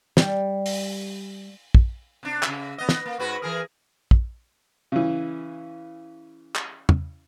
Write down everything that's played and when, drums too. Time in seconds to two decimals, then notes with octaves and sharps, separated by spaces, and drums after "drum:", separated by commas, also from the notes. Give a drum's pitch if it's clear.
0.17 G3, drum: snare
0.66 drum: open hi-hat
1.75 drum: kick
2.23 C3 D4
2.43 C#3 E5, drum: clap
2.78 B3 D#5
2.89 drum: snare
3.06 A#3
3.19 G#2 F#4 B4
3.42 E3 G#4 A#4
4.11 drum: kick
4.92 C#3 E3
6.56 drum: clap
6.89 drum: tom